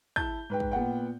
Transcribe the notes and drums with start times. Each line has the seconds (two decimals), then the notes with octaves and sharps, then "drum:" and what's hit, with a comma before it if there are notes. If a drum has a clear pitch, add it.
0.16 E4 A5 G6, drum: kick
0.50 G#2 B4 G5
0.60 drum: kick
0.72 A#2 B3 F#5 G5